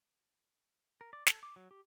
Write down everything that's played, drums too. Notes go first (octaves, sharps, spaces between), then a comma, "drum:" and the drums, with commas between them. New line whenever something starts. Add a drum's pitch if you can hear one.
A#4
D5
A4, drum: snare
D6
F#3
G4